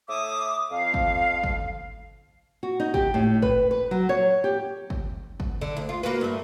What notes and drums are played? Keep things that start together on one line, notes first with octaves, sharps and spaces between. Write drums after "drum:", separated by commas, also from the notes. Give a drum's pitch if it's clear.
A2 E5 D6 D#6
F2 F5
drum: kick
drum: kick
F#4
D#4
G4, drum: kick
A2
B4, drum: kick
B4
F#3
C#5
G4
drum: kick
drum: kick
D3
D2
F4
A#3 F#4 B4
G2 A3